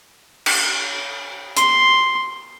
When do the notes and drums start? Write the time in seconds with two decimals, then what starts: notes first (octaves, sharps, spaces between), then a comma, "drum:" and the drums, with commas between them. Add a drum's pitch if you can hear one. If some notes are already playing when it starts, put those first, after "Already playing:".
0.46 drum: cymbal
1.57 C6, drum: hi-hat